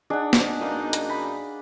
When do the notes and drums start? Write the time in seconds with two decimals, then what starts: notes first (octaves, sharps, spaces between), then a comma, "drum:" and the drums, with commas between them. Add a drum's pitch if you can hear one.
0.10 D4 D#4 G#4 D5 F#5
0.33 drum: snare
0.61 F#2 A#3 D#4 B4 F5
0.93 drum: hi-hat
1.10 B5